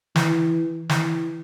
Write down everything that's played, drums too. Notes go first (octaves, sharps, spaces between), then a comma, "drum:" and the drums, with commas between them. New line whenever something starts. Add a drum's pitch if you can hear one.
E3, drum: snare
E3, drum: snare